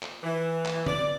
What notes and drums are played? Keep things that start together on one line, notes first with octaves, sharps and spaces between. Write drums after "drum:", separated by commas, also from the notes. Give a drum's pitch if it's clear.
drum: clap
E3
drum: clap
D5, drum: tom D3